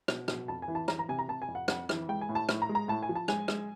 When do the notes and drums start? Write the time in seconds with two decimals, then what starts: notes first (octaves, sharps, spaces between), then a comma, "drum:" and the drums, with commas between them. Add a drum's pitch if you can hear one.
0.08 B2, drum: rim click
0.28 B2, drum: rim click
0.48 F2 A5
0.62 G#5
0.68 E3
0.75 A5
0.88 E3 A#5, drum: rim click
0.99 A#5
1.09 C3 G#5
1.19 A#5
1.28 C3 A5
1.42 G#5
1.48 F2
1.55 F#5
1.68 F2 F#5, drum: rim click
1.89 E3, drum: rim click
2.09 G#3 G5
2.21 G#5
2.29 A2
2.35 A5
2.49 A2, drum: rim click
2.62 A#5
2.69 G#3
2.75 A#5
2.88 A2 A5
3.03 G#5
3.09 F3
3.15 A5
3.28 G#3 G#5, drum: rim click
3.48 G#3, drum: rim click